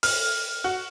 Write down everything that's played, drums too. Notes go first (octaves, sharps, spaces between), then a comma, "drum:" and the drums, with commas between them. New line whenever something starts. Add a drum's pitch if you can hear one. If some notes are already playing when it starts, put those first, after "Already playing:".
F6, drum: open hi-hat
F#4